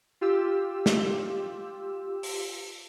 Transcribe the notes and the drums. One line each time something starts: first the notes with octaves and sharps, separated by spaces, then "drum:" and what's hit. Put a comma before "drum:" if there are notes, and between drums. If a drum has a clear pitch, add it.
F4 G4 E6
drum: snare
drum: open hi-hat